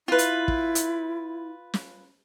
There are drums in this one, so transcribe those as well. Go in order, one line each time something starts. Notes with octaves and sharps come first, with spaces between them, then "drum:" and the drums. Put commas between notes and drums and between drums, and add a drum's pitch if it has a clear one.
E4 F4 B4
drum: hi-hat
drum: kick
drum: hi-hat
drum: snare